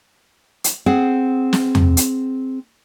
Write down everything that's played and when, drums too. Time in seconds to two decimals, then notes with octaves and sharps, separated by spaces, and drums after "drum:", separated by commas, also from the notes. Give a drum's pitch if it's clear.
0.64 drum: hi-hat
0.86 C4 G#4 F#5
1.53 drum: snare
1.75 drum: tom E2
1.97 drum: hi-hat